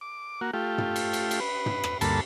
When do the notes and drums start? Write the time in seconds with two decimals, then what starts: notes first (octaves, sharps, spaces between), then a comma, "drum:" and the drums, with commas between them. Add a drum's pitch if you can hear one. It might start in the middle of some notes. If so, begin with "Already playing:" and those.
0.01 D6
0.41 A#3 F#4
0.54 A3 F4 G4
0.78 drum: tom
0.96 drum: cymbal
1.13 drum: cymbal
1.31 drum: cymbal
1.40 B4
1.66 drum: tom
1.84 drum: rim click
2.01 D2 G2 A#3 A4 A5 B5, drum: cymbal